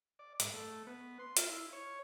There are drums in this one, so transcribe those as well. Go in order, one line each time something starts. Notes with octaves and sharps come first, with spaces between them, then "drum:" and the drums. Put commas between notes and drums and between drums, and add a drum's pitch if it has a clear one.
D5
G#2, drum: hi-hat
A3
B3
C6
F4, drum: hi-hat
E4
C#5